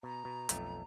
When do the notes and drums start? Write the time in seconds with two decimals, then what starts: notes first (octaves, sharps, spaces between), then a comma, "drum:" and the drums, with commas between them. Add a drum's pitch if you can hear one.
0.03 B2 A#5
0.25 B2
0.49 B1 F2 A3, drum: hi-hat